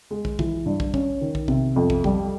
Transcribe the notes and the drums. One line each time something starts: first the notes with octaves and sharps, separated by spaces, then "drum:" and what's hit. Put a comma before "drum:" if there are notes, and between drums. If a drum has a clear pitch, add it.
G#3
drum: kick
E3, drum: kick
G2
drum: kick
C#4, drum: kick
D#3
drum: kick
C3, drum: kick
F2
drum: kick
G3, drum: kick